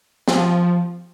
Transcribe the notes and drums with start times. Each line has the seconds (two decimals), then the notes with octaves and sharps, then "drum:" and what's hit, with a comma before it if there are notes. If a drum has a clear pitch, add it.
0.28 F3, drum: snare